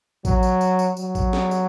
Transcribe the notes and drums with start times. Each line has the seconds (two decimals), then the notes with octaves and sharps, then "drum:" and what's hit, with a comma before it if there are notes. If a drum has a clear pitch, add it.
0.25 F#3, drum: kick A1, tambourine
0.43 drum: tambourine
0.61 drum: tambourine
0.79 drum: tambourine
0.97 F#3, drum: tambourine
1.15 drum: kick A1, tambourine
1.33 drum: snare
1.51 drum: tambourine